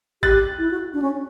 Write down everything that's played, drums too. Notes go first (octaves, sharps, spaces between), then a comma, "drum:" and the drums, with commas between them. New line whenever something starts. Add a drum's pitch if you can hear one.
G4 F#6 A6, drum: kick G#1
E4
F#4
D4
C#4